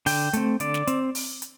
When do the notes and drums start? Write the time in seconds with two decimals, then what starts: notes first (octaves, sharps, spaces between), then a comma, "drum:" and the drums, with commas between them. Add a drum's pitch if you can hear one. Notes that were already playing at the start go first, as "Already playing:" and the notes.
0.06 D3 G5, drum: open hi-hat
0.33 A3 C4, drum: hi-hat
0.60 D3 D5, drum: hi-hat
0.74 drum: snare
0.87 C4, drum: hi-hat
1.15 drum: open hi-hat
1.42 drum: hi-hat